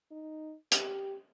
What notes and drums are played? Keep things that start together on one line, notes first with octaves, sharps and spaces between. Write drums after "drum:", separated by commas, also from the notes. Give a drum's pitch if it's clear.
D#4
G4, drum: hi-hat